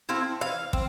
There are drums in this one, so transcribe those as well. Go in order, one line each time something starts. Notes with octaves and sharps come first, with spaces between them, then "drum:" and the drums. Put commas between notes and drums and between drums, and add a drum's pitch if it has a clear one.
A3 C4 E4 F5
E3 F5
C4, drum: kick